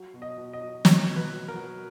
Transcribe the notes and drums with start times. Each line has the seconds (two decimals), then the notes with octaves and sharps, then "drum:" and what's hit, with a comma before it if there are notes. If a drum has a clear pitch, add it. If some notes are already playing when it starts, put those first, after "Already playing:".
Already playing: F#3
0.14 B2
0.22 D#5
0.38 B2
0.53 D#5
0.61 F#3
0.85 F#3 C#5, drum: snare
1.08 B2
1.16 B4
1.32 F#3
1.48 A#4
1.55 F#3